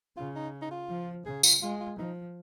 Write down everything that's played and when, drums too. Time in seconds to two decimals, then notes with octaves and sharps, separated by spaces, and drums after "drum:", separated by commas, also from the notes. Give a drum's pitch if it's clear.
0.17 C#3 F4
0.35 D#4
0.62 D#4
0.71 F4
0.89 F3
1.26 C#3 G#4
1.43 F4, drum: tambourine
1.62 G#3 F4
1.80 F4
1.98 F3 D#4